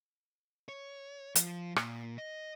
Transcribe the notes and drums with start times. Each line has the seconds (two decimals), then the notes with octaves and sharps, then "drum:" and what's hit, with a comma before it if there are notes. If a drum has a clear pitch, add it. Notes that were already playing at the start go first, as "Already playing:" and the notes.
0.69 C#5
1.35 F3, drum: hi-hat
1.76 A#2, drum: rim click
2.18 D#5